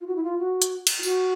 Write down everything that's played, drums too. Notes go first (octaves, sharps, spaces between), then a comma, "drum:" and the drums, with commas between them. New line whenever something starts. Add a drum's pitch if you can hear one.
F4
F#4
E4
F4
F#4
drum: hi-hat
drum: cymbal
F4
F#4, drum: tambourine